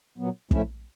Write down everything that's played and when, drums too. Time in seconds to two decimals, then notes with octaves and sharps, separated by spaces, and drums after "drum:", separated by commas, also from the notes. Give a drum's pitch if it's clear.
0.18 A#2 F#3 B3
0.51 A2 F3 A3 C#4 E4, drum: kick